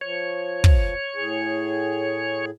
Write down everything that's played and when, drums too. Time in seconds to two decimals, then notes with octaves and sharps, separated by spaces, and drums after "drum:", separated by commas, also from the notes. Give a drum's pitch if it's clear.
0.01 F3 C#5
0.64 drum: kick
1.15 A2 G#4